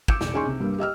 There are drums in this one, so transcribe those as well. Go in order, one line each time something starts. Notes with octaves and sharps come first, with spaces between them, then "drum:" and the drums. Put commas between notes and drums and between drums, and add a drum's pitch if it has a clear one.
D6 E6 G6 C#7 D7 E7, drum: kick
E1, drum: snare
C#4 D#4 G#4 G#5 C6 C#6
C3
G2 G3 A#3
G4 D#5 E6 F6